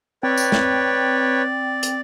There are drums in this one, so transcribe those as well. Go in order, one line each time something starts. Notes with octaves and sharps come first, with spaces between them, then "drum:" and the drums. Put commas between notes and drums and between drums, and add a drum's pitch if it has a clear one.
C4 B4 C#5 D5 G5
drum: tambourine
drum: snare
drum: hi-hat